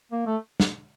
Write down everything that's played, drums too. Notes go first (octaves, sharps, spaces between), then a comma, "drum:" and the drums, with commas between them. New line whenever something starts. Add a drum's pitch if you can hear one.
A#3
A3
drum: snare